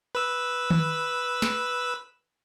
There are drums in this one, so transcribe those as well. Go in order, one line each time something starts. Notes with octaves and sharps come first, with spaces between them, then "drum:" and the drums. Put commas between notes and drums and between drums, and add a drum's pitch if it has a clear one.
B4 E6
drum: tom D#3
drum: snare